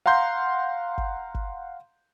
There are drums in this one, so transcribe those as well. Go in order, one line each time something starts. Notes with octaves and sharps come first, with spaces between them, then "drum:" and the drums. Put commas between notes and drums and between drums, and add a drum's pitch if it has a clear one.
F5 F#5 A#5 C6 G6
drum: kick
drum: kick